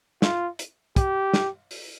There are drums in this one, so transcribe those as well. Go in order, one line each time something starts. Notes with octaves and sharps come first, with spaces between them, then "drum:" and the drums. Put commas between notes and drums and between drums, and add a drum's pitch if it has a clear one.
F4, drum: snare
drum: hi-hat
G4, drum: kick, hi-hat
drum: snare
drum: open hi-hat